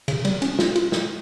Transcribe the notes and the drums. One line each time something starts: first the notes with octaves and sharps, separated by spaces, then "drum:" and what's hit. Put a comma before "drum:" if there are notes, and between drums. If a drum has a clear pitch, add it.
C#3, drum: cymbal
G3, drum: cymbal
C#4, drum: cymbal
F4, drum: snare
F4, drum: cymbal
drum: snare